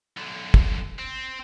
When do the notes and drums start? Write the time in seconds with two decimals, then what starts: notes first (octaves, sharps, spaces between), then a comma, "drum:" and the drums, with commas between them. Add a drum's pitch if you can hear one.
0.17 B1 D3
0.54 drum: kick
0.99 C4